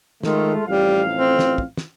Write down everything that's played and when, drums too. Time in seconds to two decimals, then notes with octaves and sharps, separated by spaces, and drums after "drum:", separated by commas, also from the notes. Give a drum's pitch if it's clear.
0.23 D#3 G#3 A3 F4, drum: snare
0.68 A1 F2 G3 F5
1.15 C4
1.39 drum: snare
1.58 drum: kick
1.77 drum: snare